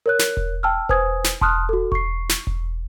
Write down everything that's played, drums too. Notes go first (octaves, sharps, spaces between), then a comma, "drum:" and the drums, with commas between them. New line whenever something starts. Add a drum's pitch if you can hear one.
A#4 C#5 F#6
drum: snare
drum: kick E1
G5 A5 E6 F6
B4 C5 G#5 D#6 G#6, drum: kick E1
drum: snare
A5 C6 D#6 F6 F#6, drum: kick E1
F#4 A4
C#6 C7, drum: kick E1
drum: snare
drum: kick E1